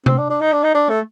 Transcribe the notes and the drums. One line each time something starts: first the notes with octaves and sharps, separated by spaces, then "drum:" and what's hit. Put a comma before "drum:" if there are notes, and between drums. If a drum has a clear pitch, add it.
C4, drum: tom C3
D4
D4
D#4
D4
D#4
D4
A3